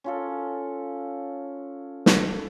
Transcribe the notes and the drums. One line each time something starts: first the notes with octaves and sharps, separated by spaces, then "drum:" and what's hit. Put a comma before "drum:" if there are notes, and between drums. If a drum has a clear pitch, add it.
C#4 F4 A4
A4, drum: snare